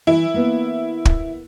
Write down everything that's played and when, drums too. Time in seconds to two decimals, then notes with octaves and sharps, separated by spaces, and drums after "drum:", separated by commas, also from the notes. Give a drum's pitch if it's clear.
0.07 E3 E4
0.34 A#3 B3
1.05 drum: kick